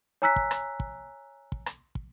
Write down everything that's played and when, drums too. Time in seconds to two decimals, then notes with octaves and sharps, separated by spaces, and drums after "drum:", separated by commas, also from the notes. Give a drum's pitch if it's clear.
0.22 C#5 G#5 A#5 E6 F#6 B6
0.36 drum: kick
0.51 drum: rim click
0.80 drum: kick
1.52 drum: kick
1.66 drum: rim click
1.95 drum: kick